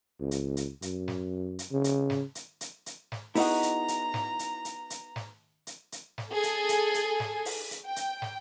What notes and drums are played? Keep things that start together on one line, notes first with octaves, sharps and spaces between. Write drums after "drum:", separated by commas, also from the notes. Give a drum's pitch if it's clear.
C#2
drum: hi-hat
drum: hi-hat
F#2, drum: hi-hat
drum: snare
drum: hi-hat
C#3
drum: hi-hat
drum: snare
drum: hi-hat
drum: hi-hat
drum: hi-hat
drum: snare
B3 D#4 E4 F#4 G#4 F#5 A#5, drum: open hi-hat
drum: hi-hat
drum: hi-hat
drum: snare
drum: hi-hat
drum: hi-hat
drum: hi-hat
drum: snare
drum: hi-hat
drum: hi-hat
drum: snare
G#4 A4 G#5
drum: hi-hat
drum: hi-hat
drum: hi-hat
drum: snare
drum: open hi-hat
drum: hi-hat
G5
drum: hi-hat
drum: snare